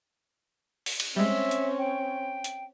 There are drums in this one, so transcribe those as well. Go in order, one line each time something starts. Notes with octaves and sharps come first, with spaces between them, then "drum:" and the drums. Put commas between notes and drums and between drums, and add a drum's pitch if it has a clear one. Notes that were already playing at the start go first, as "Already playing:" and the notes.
drum: open hi-hat
drum: cymbal
G3 G#3 C4 C#4 E5
drum: hi-hat
G5
drum: hi-hat